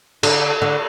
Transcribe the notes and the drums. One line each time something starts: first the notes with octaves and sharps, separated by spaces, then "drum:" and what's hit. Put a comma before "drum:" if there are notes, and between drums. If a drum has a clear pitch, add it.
D3, drum: cymbal
D3